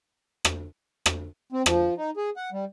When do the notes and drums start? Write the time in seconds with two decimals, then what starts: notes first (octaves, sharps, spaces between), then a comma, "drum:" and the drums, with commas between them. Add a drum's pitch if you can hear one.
0.45 drum: rim click
1.06 drum: rim click
1.52 C4
1.66 F3, drum: rim click
1.97 D#4
2.17 G#4
2.37 F#5
2.52 G3